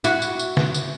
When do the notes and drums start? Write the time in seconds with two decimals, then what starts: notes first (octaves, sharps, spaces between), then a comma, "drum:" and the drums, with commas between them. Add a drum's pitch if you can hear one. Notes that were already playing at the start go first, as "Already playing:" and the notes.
0.04 E4 F#4, drum: tambourine
0.22 drum: tambourine
0.39 drum: tambourine
0.57 drum: snare
0.74 drum: tambourine